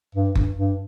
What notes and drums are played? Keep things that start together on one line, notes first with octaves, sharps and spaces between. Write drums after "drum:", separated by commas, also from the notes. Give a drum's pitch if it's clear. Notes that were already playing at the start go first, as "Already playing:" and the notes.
G2
G2, drum: kick F#1
G2